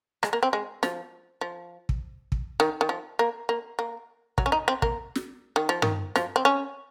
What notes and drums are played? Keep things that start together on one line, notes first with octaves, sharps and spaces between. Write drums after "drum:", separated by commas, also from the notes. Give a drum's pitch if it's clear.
G#3, drum: rim click
A#3
C4
G#3
F3, drum: snare
F3
drum: kick
drum: kick
D#3
D#3
F3
A#3
A#3
A#3
F#3, drum: kick
C#4
D#4
C4
A#3, drum: kick
drum: snare
D#3
F3
D#3, drum: tom G2
F3, drum: snare
C4
C#4